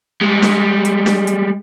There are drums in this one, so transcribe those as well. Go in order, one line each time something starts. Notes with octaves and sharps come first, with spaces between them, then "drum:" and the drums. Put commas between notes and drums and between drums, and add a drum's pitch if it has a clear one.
G3 G#3
drum: snare
drum: hi-hat
drum: snare
drum: hi-hat